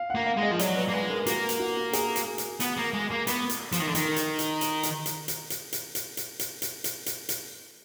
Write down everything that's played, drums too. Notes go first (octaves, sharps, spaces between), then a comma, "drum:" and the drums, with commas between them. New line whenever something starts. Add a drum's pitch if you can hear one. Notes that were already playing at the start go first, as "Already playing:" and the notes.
Already playing: F5
F#5
A#3
F5
G#3
D#5
F3
F#3 D5, drum: hi-hat
B4
A#3
G#3 B4
A#4
A#3 F#4, drum: hi-hat
drum: hi-hat
F#4
F#4
G#4, drum: hi-hat
drum: hi-hat
drum: hi-hat
B3, drum: hi-hat
A#3
G#3
A#3
B3, drum: hi-hat
drum: hi-hat
F3, drum: hi-hat
D#3
D3
D#3, drum: hi-hat
drum: hi-hat
drum: hi-hat
drum: hi-hat
drum: hi-hat
drum: hi-hat
drum: hi-hat
drum: hi-hat
drum: hi-hat
drum: hi-hat
drum: hi-hat
drum: hi-hat
drum: hi-hat
drum: hi-hat
drum: hi-hat
drum: hi-hat